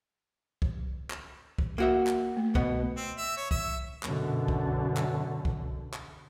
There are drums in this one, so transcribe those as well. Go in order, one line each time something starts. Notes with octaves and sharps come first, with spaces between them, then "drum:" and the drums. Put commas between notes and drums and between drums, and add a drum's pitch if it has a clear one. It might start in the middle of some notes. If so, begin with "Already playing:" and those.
drum: kick
drum: clap
drum: kick
A#3 F#4 E5
drum: clap
A3
B2 B3 F#5, drum: kick
C4
E5
C#5
E5, drum: kick
F#2 B2 D3, drum: clap
drum: kick
drum: clap
drum: kick
drum: clap